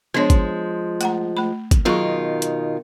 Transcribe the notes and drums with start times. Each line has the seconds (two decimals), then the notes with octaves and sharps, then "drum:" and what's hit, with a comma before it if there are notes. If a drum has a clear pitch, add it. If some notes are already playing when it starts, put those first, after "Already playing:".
0.14 F3 G#3 B3 D4 C#5
0.30 drum: kick G#1, hi-hat
1.01 A3 F#5 A#5, drum: hi-hat
1.37 A3 B5
1.71 drum: kick G#1, hi-hat
1.85 B2 D#3 F#3 F4 G#4 C#6
2.42 drum: hi-hat